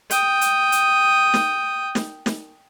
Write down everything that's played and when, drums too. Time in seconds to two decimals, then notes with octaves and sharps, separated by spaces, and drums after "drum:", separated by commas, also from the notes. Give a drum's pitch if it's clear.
0.11 G5 D#6, drum: hi-hat
0.41 drum: hi-hat
0.72 drum: hi-hat
1.34 drum: snare
1.95 drum: snare
2.26 drum: snare